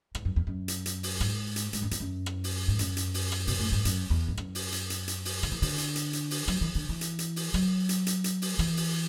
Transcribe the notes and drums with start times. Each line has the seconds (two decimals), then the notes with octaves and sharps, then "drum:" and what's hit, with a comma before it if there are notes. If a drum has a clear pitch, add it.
0.15 G#2, drum: rim click
0.25 F#2
0.36 E2
0.47 F#2
0.68 drum: hi-hat
0.86 drum: hi-hat
1.03 drum: open hi-hat
1.20 G#2, drum: rim click
1.56 drum: hi-hat
1.73 G#2, drum: hi-hat
1.82 F#2
1.91 E2, drum: hi-hat
2.00 F#2
2.26 drum: rim click
2.44 drum: open hi-hat
2.68 G#2
2.79 F#2, drum: hi-hat
2.97 drum: hi-hat
3.14 drum: open hi-hat
3.32 drum: rim click
3.47 B2, drum: open hi-hat
3.59 A2
3.72 G#2
3.85 F#2, drum: hi-hat
4.10 E2
4.28 G#2
4.37 F#2, drum: rim click
4.55 drum: open hi-hat
4.72 drum: hi-hat
4.90 drum: hi-hat
5.08 drum: hi-hat
5.25 drum: open hi-hat
5.43 D3, drum: rim click
5.52 E3
5.62 D3, drum: open hi-hat
5.78 drum: hi-hat
5.96 drum: hi-hat
6.13 drum: hi-hat
6.31 drum: open hi-hat
6.48 F#3, drum: rim click
6.61 E3
6.75 D3
6.89 E3
7.01 drum: hi-hat
7.19 drum: hi-hat
7.36 drum: open hi-hat
7.54 F#3, drum: rim click
7.89 drum: hi-hat
8.07 drum: hi-hat
8.24 drum: hi-hat
8.42 drum: open hi-hat
8.59 E3, drum: rim click
8.77 drum: open hi-hat